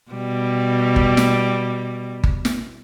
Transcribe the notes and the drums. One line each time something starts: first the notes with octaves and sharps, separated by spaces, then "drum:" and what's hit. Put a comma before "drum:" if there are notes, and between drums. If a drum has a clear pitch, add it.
B2 G3
drum: kick G1
drum: snare
drum: kick G1
drum: snare